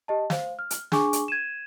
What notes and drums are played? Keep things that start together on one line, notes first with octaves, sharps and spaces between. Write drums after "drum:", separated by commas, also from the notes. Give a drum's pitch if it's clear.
G4 D#5 A5
C5 F5, drum: snare
F6
drum: hi-hat
D4 G#4 G#5 C#6 D6, drum: snare
drum: hi-hat
G#6 D#7 E7